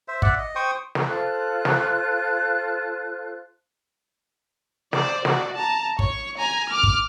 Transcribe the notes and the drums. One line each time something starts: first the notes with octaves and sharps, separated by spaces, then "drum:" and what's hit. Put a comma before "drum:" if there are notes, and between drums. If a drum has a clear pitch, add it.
C5 E5
D5 E5 F#5, drum: kick
D#5
C5 G5 C#6 D#6
drum: snare
F4 A4 C5 F#6
drum: snare
C5 D5, drum: snare
F#4 D5, drum: snare
A5 A#5
C#5 C#6, drum: kick
G#5 A#5
D6 F6
drum: kick